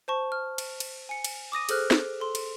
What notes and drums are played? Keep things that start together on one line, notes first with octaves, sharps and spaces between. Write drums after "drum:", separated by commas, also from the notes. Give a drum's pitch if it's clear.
C5 A5 C#6
F6
drum: cymbal
drum: cymbal
G#5 C#7
drum: cymbal
D6 D#6 A#6 D#7
G#4 A4 C5 F6 F#6, drum: cymbal
drum: snare
A4 C6
drum: cymbal